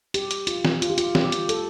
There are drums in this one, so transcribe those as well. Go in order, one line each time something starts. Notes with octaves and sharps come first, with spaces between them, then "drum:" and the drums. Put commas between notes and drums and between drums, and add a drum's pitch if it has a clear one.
G4, drum: hi-hat
drum: hi-hat
F4, drum: hi-hat
drum: snare
F4, drum: hi-hat
G4
F4, drum: hi-hat
G4, drum: snare
drum: hi-hat
A4, drum: hi-hat